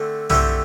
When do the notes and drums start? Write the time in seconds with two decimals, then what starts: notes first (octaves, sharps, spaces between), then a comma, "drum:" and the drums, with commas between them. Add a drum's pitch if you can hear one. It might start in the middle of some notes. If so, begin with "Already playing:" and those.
Already playing: D3 A3 C4
0.30 D3 A3 C4 E4 G4, drum: tom